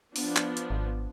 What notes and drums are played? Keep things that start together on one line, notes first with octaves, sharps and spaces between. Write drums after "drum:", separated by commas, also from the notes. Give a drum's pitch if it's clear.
F3 B3 D4, drum: open hi-hat
drum: clap
drum: hi-hat
G#1